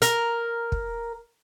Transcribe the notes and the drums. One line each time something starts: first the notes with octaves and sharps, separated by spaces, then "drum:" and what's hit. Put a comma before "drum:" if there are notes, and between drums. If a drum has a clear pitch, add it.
A#4, drum: hi-hat
drum: kick